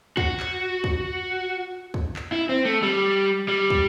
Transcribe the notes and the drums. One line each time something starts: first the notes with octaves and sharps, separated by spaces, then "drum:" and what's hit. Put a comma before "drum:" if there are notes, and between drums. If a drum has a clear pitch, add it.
F#4, drum: kick
drum: clap
drum: kick
drum: kick
drum: clap
E4
C4
A3
G3
G3
drum: kick